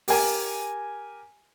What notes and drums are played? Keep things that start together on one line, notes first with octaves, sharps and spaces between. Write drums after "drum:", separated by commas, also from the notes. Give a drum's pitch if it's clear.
G4 A#4 G#5, drum: open hi-hat